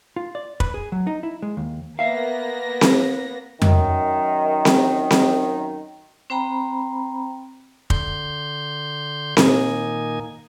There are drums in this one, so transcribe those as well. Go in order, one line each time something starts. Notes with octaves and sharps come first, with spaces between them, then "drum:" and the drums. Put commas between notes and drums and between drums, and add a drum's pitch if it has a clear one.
F4
D5
B4, drum: kick
G#4
F#3
D#4
E4
G#3
D#2
A#3 B3 E5 F5 A#6
drum: snare C4
F#2 D#3 D#4, drum: tom F2
drum: snare C4
drum: snare C4
C4 C5 G5 A#5 B5
D3 C6 G6, drum: kick
A#2 D#3 A#3 D#4 G#5, drum: snare C4